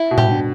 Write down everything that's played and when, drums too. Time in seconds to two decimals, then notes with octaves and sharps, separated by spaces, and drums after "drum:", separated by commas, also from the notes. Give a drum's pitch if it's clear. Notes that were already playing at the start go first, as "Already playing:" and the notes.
Already playing: E4
0.11 B2
0.18 G4, drum: tom A2
0.31 D3